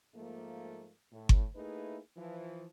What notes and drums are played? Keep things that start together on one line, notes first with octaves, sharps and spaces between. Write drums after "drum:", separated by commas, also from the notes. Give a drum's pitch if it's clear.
G#2 F3 A3 A#3
A2
drum: kick G1
A3 A#3 D#4 E4 G#4 B4
E3 F3